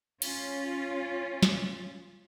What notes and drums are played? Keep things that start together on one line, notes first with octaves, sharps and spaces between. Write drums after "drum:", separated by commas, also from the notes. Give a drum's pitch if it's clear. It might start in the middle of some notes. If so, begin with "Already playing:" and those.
C#4 F4, drum: cymbal
drum: snare